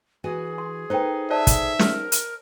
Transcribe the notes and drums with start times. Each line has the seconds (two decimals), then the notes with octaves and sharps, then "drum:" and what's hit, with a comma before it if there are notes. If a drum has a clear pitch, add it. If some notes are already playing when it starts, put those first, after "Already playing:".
0.24 E3 F#4 G#4 G#5
0.58 C6
0.90 D#4 A4 B4 C5 G5
1.30 C5 D5 E5 A5
1.47 drum: kick, hi-hat
1.79 A#4, drum: snare
2.12 drum: hi-hat